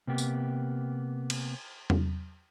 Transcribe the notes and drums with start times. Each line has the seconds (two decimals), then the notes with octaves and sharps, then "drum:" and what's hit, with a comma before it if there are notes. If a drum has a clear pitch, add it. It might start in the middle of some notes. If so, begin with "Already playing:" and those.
0.07 C3 A#3 B3 G4
0.18 drum: tambourine
1.30 drum: cymbal
1.90 drum: tom E2